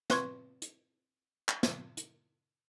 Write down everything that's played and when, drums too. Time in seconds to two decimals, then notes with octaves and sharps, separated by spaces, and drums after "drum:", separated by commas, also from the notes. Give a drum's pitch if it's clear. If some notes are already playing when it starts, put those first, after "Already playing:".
0.10 C4 B4 C6 C#6 G#6, drum: snare
0.62 drum: hi-hat
1.49 drum: clap
1.63 drum: snare
1.97 drum: hi-hat